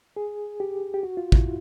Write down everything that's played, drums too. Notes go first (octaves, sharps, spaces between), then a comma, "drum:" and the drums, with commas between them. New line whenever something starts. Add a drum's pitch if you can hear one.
G#4
G4
G4
F#4
F4
E4, drum: kick